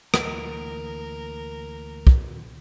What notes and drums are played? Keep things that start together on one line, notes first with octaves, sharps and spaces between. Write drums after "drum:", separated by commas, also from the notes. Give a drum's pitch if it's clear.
D2 E3 A#3 A#4, drum: rim click
drum: kick